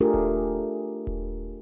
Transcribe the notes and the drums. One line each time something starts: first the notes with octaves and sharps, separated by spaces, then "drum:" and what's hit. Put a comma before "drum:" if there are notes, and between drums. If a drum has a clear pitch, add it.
A3 D4 F4 G4 G#4 A#4
drum: kick D#1
drum: kick D#1